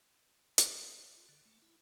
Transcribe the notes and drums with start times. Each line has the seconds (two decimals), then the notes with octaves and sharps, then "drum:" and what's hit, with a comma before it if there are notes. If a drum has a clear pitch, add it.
0.58 drum: hi-hat
1.16 F4
1.29 D3
1.45 A3
1.62 E4